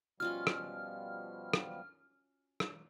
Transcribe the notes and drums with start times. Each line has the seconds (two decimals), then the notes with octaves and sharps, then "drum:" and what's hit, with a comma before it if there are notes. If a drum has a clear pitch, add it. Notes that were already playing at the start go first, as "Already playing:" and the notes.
0.20 B2 F3 G3 C#4 F4 F#4 F6
0.47 drum: rim click
1.53 drum: rim click
2.60 drum: rim click